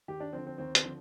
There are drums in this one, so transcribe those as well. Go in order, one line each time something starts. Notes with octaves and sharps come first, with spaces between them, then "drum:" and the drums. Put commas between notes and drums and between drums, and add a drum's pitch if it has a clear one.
D#2 G4
D4
D3 F3 C4
C4
D#2 C4
C4, drum: hi-hat
D3 F3